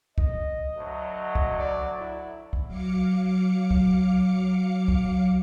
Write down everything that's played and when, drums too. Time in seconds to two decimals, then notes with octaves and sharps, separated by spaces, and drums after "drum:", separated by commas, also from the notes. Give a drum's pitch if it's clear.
0.18 D#5, drum: kick
0.77 D2 F#3
1.35 drum: kick
1.59 D5
2.01 E4
2.53 drum: kick
2.67 F#3 F5 D6 C#7
3.71 drum: kick
4.88 drum: kick